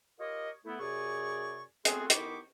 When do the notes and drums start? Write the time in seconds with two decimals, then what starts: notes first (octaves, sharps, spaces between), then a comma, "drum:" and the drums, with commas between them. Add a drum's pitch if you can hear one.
0.19 F4 G4 A#4 C#5 D#5
0.65 A3 B3 E4
0.80 F#2 C3 G#4 D5 G#5 C#6
1.85 A3 B3 C4 F4 F#4 G#4, drum: hi-hat
2.10 D#3 B3 E4 G4 C#6 D6, drum: hi-hat